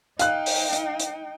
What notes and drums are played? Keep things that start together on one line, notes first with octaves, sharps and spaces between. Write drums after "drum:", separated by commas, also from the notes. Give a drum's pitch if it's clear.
D#4 F5 G5 F#6, drum: hi-hat
drum: open hi-hat
drum: hi-hat
drum: hi-hat